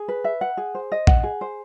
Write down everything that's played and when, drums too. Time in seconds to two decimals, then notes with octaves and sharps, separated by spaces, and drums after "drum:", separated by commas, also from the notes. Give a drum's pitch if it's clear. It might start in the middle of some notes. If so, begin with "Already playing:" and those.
Already playing: G#4
0.08 B4
0.24 E5
0.41 F#5
0.57 G#4
0.75 C5
0.92 D#5
1.07 F#5, drum: kick A#1
1.23 G#4
1.41 C5